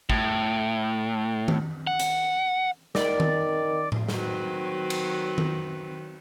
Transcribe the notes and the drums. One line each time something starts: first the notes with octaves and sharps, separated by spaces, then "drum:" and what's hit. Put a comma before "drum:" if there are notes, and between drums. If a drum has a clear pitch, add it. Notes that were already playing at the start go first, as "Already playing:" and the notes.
A2, drum: kick
drum: tom D#3
F#5
drum: hi-hat
D#3 D5, drum: snare
drum: tom D#3
drum: tom A2
D#3 F#3 C4 B4, drum: snare
drum: cymbal
drum: tom D#3